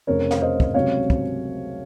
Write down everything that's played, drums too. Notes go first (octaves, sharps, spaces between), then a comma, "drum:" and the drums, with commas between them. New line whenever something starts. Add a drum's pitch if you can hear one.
F1 F2 C#3 A#4 C#5
F5, drum: snare
C5 D#5
drum: kick
C#2 C3 F#3 C#5 F5
drum: kick